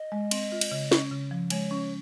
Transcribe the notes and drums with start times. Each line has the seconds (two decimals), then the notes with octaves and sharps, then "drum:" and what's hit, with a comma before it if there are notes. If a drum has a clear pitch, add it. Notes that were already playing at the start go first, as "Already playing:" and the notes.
Already playing: D#5
0.12 G#3
0.31 C4, drum: cymbal
0.52 F4
0.61 drum: cymbal
0.72 C#3
0.92 C#4, drum: snare
1.12 C#3
1.31 F3
1.50 G#3 C#5, drum: cymbal
1.71 C#4